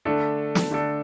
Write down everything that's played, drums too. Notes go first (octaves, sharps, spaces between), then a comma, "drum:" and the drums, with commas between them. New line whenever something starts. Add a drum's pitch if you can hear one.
D3 A3 D4 A4
drum: snare
D3 A3 D4 A4